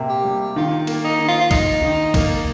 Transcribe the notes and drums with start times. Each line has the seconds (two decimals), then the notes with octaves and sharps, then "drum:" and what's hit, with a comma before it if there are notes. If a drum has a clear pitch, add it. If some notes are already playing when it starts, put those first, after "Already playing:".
Already playing: C3 A#3
0.09 G4
0.24 G3
0.56 D#3 F4
0.87 A#3, drum: cymbal
1.04 D#4
1.19 D#3
1.28 F4
1.41 F4
1.51 D#4 F4, drum: kick, cymbal
1.82 D#3
2.14 A#3, drum: kick, cymbal